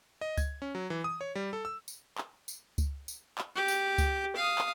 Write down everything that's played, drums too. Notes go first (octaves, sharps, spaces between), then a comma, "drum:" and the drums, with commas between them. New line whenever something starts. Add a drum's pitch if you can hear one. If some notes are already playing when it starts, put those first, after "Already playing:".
D#5
G#6, drum: kick C#2, tambourine
C#4
F#3
E3
D#6
C#5
G3
A4
E6
drum: tambourine
drum: clap
drum: tambourine
drum: kick C#2, tambourine
drum: tambourine
drum: clap
G4
drum: tambourine
drum: kick C#2, tambourine
F5 D#6
drum: clap